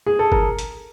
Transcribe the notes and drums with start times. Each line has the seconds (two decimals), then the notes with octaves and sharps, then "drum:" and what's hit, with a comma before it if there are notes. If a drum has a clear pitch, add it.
0.06 G#4
0.19 A4
0.32 A#4, drum: kick G1
0.59 drum: hi-hat